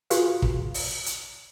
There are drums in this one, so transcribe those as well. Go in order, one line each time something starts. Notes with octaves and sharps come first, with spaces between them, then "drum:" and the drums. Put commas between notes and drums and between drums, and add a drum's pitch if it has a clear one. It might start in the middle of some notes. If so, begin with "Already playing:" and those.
F4 F#4 G#4 B4 F5, drum: hi-hat
drum: kick
drum: open hi-hat
drum: hi-hat